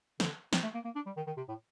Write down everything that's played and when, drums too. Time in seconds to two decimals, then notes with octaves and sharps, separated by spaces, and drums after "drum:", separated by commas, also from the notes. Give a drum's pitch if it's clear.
0.20 D3, drum: snare
0.53 C4, drum: snare
0.63 A3
0.74 A#3
0.85 A#3
0.95 D4
1.06 G3
1.17 D#3
1.27 D#3
1.37 C3
1.49 A2